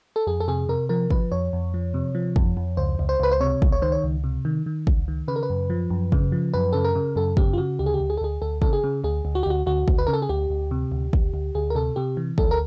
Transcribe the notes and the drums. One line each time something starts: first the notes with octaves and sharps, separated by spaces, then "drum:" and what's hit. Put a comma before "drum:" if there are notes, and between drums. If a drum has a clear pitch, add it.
A4
F2 G#4
A4
C3 G#4
C3 A#4
F3 A#4
F3 B4, drum: kick
F2 C#5
F2
F3
C3
F3
F2, drum: kick
F2
C#2 C5
C#2
C5
C#2 B4
C5
C3 C#5
C#2, drum: kick
C#5
D#3 C5
C#5
C#2
C3
D#3
D#3
C#2, drum: kick
D#3
C#3 B4
A#4
B4
F#2
F3
F#2
C#3, drum: kick
F3
F#2 B4
C#3 A4
A#4
C#3
F#2 A4
C#3 G4, drum: kick
F4
C#3 F#4
D2 G4
G#4
G4
D2
G#4
A4
D2 G#4
D2 A4
C#3 A4, drum: kick
G#4
C#3
D2 G#4
D2
F#4
G4
D2 F#4
D2 F#4
D2, drum: kick
B4
C#3 A#4
A4
G#4
D2 G4
D2
C3
D2
D2, drum: kick
D2
D2 G#4
A#4
C3 A4
C3 G4
E3
D2 A4, drum: kick
A#4